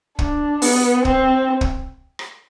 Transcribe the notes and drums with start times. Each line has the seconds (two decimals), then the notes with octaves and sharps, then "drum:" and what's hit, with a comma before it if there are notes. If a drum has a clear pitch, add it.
0.19 D4, drum: kick
0.62 B3, drum: open hi-hat
1.05 C4, drum: kick
1.61 drum: kick
2.19 drum: rim click